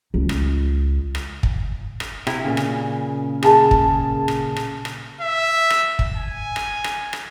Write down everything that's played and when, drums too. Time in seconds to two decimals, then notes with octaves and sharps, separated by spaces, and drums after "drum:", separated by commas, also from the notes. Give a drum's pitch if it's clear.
0.14 C#2
0.29 drum: rim click
1.15 drum: rim click
1.43 drum: kick
2.00 drum: rim click
2.27 C3 E4, drum: rim click
2.44 A#2 C#3
2.57 drum: rim click
3.43 G#4 G#5 A5, drum: rim click
3.71 drum: kick
4.28 drum: rim click
4.56 drum: rim click
4.85 drum: rim click
5.21 E5
5.70 drum: rim click
5.99 drum: kick
6.16 G#5
6.56 drum: rim click
6.84 drum: rim click
7.13 drum: rim click